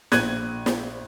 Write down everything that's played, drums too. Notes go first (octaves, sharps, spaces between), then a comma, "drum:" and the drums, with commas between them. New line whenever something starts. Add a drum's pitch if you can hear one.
A#1 F#6 G#6 D#7, drum: snare
drum: snare